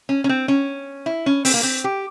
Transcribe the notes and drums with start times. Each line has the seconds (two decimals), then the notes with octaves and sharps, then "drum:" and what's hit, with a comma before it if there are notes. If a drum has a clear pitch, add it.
0.09 C#4
0.24 C#4
0.29 C4
0.48 C#4
1.06 E4
1.26 C#4
1.45 C4, drum: open hi-hat
1.54 A#3
1.63 C4
1.84 G4